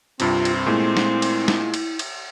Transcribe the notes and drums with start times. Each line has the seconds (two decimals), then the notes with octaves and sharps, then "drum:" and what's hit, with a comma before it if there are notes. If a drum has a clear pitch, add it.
0.20 C2 G2 C3 C4 F4, drum: cymbal
0.45 drum: cymbal
0.66 A#2 G#3 A3 E4
0.97 drum: snare
1.22 drum: cymbal
1.48 drum: snare
1.74 drum: cymbal
1.99 drum: cymbal